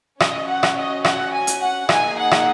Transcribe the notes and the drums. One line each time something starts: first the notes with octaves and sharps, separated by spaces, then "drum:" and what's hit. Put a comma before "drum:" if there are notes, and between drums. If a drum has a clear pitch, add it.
C#4 F#4 D#5, drum: rim click
F#5
drum: rim click
D#5
F#5, drum: rim click
G#5
drum: hi-hat
F#5
A#3 D#4 G#4 G#5, drum: rim click
F#5
drum: rim click